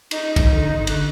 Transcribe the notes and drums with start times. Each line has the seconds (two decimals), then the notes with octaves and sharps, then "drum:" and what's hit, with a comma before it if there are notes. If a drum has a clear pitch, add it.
0.11 D#4, drum: cymbal
0.36 drum: kick, cymbal
0.53 D3
0.70 G#1
0.87 D3 F#6, drum: cymbal